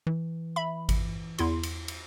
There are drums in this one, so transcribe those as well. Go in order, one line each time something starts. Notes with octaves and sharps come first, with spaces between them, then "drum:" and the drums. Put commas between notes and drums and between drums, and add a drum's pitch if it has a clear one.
E3
E5 B5
drum: kick G#1, cymbal
E2 E4 C6, drum: cymbal
drum: cymbal
drum: cymbal